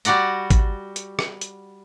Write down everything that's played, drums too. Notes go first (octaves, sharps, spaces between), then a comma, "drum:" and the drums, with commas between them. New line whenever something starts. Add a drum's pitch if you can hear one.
G3 F#4 D5 F#5 A#5, drum: hi-hat
drum: kick G#1, hi-hat
drum: hi-hat
drum: rim click
drum: hi-hat